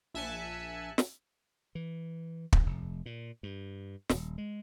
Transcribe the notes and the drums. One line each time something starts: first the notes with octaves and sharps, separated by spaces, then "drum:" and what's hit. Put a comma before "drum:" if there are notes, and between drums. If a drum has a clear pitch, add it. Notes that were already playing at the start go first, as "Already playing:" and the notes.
A#1 E5 G#5 A5 F#6 C#7
drum: snare
E3
drum: kick
F1
A#2
G2
D#1, drum: snare
G#3